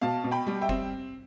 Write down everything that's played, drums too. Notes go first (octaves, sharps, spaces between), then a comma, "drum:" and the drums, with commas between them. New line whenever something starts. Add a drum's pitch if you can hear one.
B2 F5 A5
B2
G5 B5
G3
E5 G5
C4, drum: kick F1